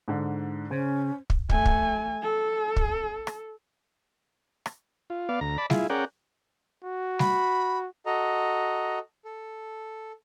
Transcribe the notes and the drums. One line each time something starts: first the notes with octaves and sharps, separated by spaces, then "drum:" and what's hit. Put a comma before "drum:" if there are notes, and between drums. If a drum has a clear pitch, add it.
G#2 D3
C#3 C#4 C5
drum: kick
A3 G#5, drum: kick
drum: kick
A4
drum: kick
drum: rim click
drum: rim click
F4
B3 D5 F5
D2 A#5
D5 A5 B5
E4 F4 G#4, drum: snare G3
C#4 G#4 A#4 D5 F#5 G5
F#4
B5, drum: snare G3
F#4 A4 D#5 A#5
A4